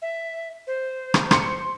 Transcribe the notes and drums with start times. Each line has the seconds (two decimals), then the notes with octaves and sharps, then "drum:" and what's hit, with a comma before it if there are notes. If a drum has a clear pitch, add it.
0.02 E5
0.67 C5
1.14 drum: rim click
1.31 C6 C#7, drum: rim click